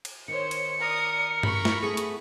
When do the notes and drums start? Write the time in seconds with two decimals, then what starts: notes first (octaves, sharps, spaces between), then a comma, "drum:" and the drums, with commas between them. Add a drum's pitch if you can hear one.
0.05 drum: cymbal
0.28 D#3 C5 C#5 C#7
0.51 drum: cymbal
0.81 A#4 D5 D#6
1.43 B5 C#6, drum: tom G2
1.65 drum: snare
1.83 A3 B3 G#4
1.97 drum: hi-hat